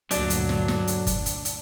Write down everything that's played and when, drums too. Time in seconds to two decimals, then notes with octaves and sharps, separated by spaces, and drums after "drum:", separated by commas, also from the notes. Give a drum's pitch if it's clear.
0.11 D2 G2 A#2 F#3 D4, drum: hi-hat
0.30 drum: hi-hat
0.49 drum: snare
0.68 drum: snare
0.87 drum: hi-hat
1.07 drum: kick, hi-hat
1.26 drum: hi-hat
1.45 drum: hi-hat